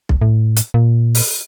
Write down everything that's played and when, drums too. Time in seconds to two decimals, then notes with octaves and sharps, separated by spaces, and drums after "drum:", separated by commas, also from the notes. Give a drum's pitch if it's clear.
0.09 drum: kick B1
0.21 A2
0.57 drum: hi-hat
0.74 A#2
1.15 drum: open hi-hat